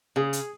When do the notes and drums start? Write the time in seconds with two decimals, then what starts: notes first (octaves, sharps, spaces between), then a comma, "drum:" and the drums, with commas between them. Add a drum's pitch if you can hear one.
0.16 C#3 G#4
0.33 drum: hi-hat